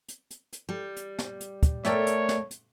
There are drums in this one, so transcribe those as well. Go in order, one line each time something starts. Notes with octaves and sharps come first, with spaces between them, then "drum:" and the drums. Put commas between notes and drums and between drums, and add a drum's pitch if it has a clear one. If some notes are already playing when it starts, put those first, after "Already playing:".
drum: hi-hat
drum: hi-hat
drum: hi-hat
G3
drum: hi-hat
drum: snare
drum: hi-hat
drum: kick, hi-hat
A3 A#4 C#5 D5 E5 G5, drum: snare
drum: hi-hat
drum: snare
drum: hi-hat